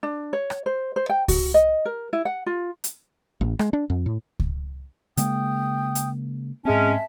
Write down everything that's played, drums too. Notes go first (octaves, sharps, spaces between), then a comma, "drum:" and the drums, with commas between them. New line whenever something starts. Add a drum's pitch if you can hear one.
D4
C#5
drum: rim click
C5
C5
G5
F#4, drum: kick C#2, open hi-hat
D#5
A#4
E4
F#5
F4
drum: hi-hat
A1
G#3, drum: rim click
D4
F2
A2
drum: kick C#2
C#3 G#3 A#3 G5 D#6, drum: hi-hat
drum: hi-hat
G#2 G#3 C4 C#4 E5 A5